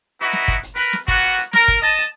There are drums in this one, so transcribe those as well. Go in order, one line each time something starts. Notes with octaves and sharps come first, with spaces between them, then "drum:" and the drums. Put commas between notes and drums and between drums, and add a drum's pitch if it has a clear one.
B3 D#4 E4 F#4, drum: hi-hat
drum: snare
drum: kick, hi-hat
drum: hi-hat
A#4 B4, drum: hi-hat
drum: snare
A#3 B3 F#4, drum: kick, hi-hat
drum: hi-hat
drum: hi-hat
A#4, drum: snare
drum: kick, hi-hat
D#5 A5, drum: hi-hat
drum: hi-hat